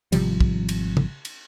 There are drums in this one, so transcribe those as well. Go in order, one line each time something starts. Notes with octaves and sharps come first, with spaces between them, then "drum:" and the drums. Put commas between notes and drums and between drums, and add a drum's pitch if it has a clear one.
G#1 C3 F3 G3, drum: cymbal
drum: kick
drum: cymbal
drum: tom
drum: cymbal